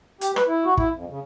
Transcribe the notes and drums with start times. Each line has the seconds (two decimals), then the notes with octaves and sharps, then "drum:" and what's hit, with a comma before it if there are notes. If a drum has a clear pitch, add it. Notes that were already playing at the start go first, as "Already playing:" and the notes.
0.21 G4, drum: hi-hat
0.36 B4, drum: rim click
0.48 E4
0.65 F#4
0.77 E4, drum: kick
0.96 F2
1.10 C#3